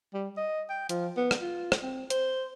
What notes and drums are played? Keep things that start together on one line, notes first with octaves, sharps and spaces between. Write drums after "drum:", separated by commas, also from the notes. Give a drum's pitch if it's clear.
G3
D#5
G5
F3, drum: hi-hat
B3
drum: rim click
F4
drum: rim click
C4
C5, drum: hi-hat